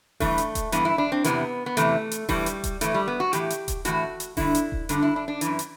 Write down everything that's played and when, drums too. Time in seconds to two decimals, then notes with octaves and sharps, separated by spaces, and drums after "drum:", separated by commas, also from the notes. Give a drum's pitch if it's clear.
0.20 G2 E3 A3, drum: kick D#1, open hi-hat
0.38 drum: hi-hat
0.55 drum: kick D#1, hi-hat
0.72 G2 E3 B3, drum: hi-hat
0.85 E4
0.98 D4
1.12 C4
1.24 E2 C3 E3 B3, drum: hi-hat
1.66 B3
1.77 E2 C3 E3 A3, drum: hi-hat
2.11 drum: hi-hat
2.29 A2 E3 G3, drum: kick D#1, open hi-hat
2.46 drum: hi-hat
2.64 drum: kick D#1, hi-hat
2.81 A2 E3 A3, drum: hi-hat
2.94 G3
3.08 B3
3.20 F#4
3.33 A2 E3 G4, drum: hi-hat
3.50 drum: hi-hat
3.68 drum: kick D#1, hi-hat
3.85 A2 E3 F#4, drum: hi-hat
4.20 drum: hi-hat
4.37 G2 D3 E4, drum: kick D#1, open hi-hat
4.55 drum: hi-hat
4.72 drum: kick D#1
4.89 G2 D3 D4, drum: hi-hat
5.02 E4
5.16 D4
5.28 D4
5.41 E3, drum: hi-hat
5.46 F#2
5.59 drum: hi-hat